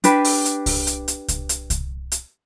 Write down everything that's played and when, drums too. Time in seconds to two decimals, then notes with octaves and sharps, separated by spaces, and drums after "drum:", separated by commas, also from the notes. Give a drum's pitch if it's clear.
0.04 D4 G4 B4, drum: hi-hat
0.25 drum: open hi-hat
0.45 drum: hi-hat
0.66 drum: kick C2, open hi-hat
0.87 drum: hi-hat
1.08 drum: hi-hat
1.28 drum: kick C2, hi-hat
1.49 drum: hi-hat
1.70 drum: kick C2, hi-hat
2.12 drum: hi-hat